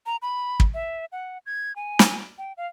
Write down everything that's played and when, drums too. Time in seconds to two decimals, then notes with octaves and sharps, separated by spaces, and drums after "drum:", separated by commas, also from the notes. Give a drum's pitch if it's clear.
0.06 A#5
0.22 B5
0.60 drum: kick
0.74 E5
1.12 F#5
1.46 G#6
1.76 G#5
1.99 drum: snare
2.38 G5
2.57 F5